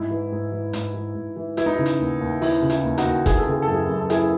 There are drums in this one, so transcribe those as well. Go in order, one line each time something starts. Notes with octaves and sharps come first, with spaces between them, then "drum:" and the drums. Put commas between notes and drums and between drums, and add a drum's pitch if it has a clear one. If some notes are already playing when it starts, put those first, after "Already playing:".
Already playing: G#2 E4
E3
G#2
E3
G#2, drum: hi-hat
E3
G#2
E3
E3 E4, drum: hi-hat
D#4
C#3 E4
drum: hi-hat
D#2
D#2
E3 E4, drum: open hi-hat
C#3
E4, drum: hi-hat
D#2
D#4 F#4, drum: hi-hat
D#2
E3 G#4, drum: kick G1, hi-hat
A4
C#3 G#4
A4
F#2
E4 G#4
F#2
A4
E3 E4 G#4, drum: hi-hat